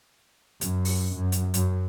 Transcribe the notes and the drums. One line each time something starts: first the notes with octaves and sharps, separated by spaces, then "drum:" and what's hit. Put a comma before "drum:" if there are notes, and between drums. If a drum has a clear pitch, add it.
F#2, drum: hi-hat
drum: open hi-hat
F#2
drum: hi-hat
F#2, drum: hi-hat